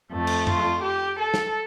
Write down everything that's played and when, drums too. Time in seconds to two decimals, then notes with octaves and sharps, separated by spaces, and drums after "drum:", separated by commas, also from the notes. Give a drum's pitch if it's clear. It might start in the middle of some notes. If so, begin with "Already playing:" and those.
0.11 F2 F3 A3
0.27 drum: cymbal
0.47 F4, drum: tom F#2
0.82 G4
1.19 A4
1.34 drum: snare